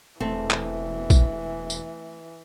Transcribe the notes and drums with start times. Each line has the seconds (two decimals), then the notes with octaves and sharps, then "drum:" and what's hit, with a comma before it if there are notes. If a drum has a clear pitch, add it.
0.20 E1 E3 A3 C4
0.50 drum: clap
1.10 drum: kick A#1, tambourine
1.70 drum: tambourine